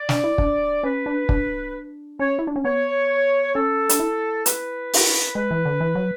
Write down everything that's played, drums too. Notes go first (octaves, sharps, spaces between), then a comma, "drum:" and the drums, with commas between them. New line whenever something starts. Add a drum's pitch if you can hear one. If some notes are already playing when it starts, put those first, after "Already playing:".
Already playing: D5
D4, drum: snare
E4
D4, drum: kick
C#4 B4
D4
D4, drum: kick
C#4 C#5
E4
D4
C#4
B3 C#5
C#4 A4
D4, drum: hi-hat
E4
B4, drum: hi-hat
drum: open hi-hat
G#3 B4
E3
D3
E3
F#3